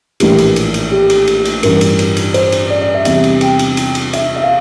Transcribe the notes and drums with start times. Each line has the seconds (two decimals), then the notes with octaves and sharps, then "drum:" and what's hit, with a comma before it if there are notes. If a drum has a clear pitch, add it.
0.20 A#1 A2 E3 A#3 G4, drum: cymbal
0.38 drum: cymbal
0.56 drum: cymbal
0.74 drum: cymbal
0.91 G4
1.10 drum: cymbal
1.27 drum: cymbal
1.45 drum: cymbal
1.63 A1 G2 E3 A#4, drum: cymbal
1.81 drum: cymbal
1.99 drum: cymbal
2.17 drum: cymbal
2.34 C5, drum: cymbal
2.52 drum: cymbal
2.70 D5
2.82 D5
2.94 E5
3.05 E2 C3 E3 G3 E5, drum: cymbal
3.24 drum: cymbal
3.41 G5, drum: cymbal
3.59 drum: cymbal
3.77 drum: cymbal
3.95 drum: cymbal
4.13 E5, drum: cymbal
4.36 E5
4.44 F5